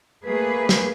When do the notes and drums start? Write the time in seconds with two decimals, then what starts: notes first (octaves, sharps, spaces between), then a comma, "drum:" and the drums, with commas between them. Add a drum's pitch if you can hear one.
0.24 A3 A#3 G#4 B4
0.69 drum: snare